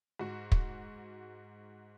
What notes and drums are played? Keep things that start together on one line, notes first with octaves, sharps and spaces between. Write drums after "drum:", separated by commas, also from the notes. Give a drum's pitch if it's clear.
G#2 F#4
drum: kick